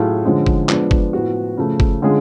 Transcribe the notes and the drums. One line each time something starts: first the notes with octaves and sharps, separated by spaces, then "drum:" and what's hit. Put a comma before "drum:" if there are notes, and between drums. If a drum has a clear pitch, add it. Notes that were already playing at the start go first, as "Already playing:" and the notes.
Already playing: A2 F#3 A3 F4 G#4
D3 F3 G#3 C#4
drum: kick F#1
F3 G#3 B3 D4, drum: clap
drum: kick F#1
A2 F3 B3 F#4
C#3 F3 A3
drum: kick F#1
D3 G#3 C#4 F4 G#4